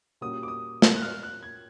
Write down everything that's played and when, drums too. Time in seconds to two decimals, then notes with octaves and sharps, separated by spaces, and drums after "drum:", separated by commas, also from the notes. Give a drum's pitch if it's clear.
0.21 A#2 G3 A#3 C#4 F#4 D#6
0.43 D6
0.48 D#6
0.82 drum: snare
0.96 F#6
1.02 F6
1.23 F#6
1.43 G#6